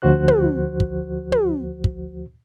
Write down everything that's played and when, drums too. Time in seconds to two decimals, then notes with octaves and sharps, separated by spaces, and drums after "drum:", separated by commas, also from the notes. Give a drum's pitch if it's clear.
0.02 D2 F3 F#4 C5 F#6
0.28 drum: tom
0.80 drum: kick
1.32 drum: tom
1.84 drum: kick